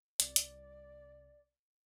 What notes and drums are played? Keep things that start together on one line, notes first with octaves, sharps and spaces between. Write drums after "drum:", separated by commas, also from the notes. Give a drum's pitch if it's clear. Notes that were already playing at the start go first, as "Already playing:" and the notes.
C2 D5, drum: hi-hat
drum: hi-hat